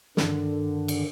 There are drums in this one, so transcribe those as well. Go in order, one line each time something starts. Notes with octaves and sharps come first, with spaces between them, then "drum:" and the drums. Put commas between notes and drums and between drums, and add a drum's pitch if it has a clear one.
G2 D3 D#3, drum: snare
drum: cymbal